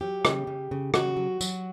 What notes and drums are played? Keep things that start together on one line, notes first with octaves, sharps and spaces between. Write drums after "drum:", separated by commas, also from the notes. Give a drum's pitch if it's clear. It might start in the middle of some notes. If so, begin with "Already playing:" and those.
F#3 G4
C#3, drum: rim click
C#3
C#3
C#3 F#4, drum: rim click
F#3
F#3, drum: tambourine